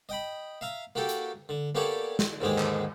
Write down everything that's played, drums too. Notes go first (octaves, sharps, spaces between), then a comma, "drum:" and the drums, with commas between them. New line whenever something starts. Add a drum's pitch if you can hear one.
D#5 G5 B5
E5 F5 A#5
A#3 F#4 G4 A4 G5
drum: hi-hat
D3
A#3 B3 G4 A4 C#5 D5
drum: snare
D#2 G#2 D3 G#3 G4 G#4
drum: clap